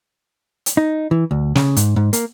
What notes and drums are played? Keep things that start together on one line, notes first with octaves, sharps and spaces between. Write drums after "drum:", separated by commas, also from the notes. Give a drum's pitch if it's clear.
drum: hi-hat
D#4
E3
D2
C#3, drum: snare
G#2, drum: hi-hat
G#2
A#3, drum: hi-hat